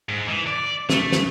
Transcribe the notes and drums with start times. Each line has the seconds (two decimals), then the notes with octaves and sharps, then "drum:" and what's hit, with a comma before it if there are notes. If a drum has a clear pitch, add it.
0.09 G#2
0.27 E3
0.47 D5
0.90 A3, drum: snare
1.12 drum: snare